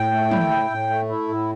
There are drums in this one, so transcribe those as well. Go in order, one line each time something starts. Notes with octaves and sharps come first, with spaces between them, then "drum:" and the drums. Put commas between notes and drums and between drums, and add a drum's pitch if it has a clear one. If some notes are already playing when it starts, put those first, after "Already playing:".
Already playing: A2 G5
A3
E4, drum: tom
A2
A2
A3
E4
A2